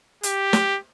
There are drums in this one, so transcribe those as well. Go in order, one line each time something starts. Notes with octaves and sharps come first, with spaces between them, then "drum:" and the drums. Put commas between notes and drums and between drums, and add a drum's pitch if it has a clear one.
G4, drum: hi-hat
drum: snare